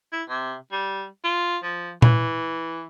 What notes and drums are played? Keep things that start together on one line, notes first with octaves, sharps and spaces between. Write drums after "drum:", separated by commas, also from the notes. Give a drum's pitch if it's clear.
E4
C3
G3
F4
F3
E3, drum: tom A#2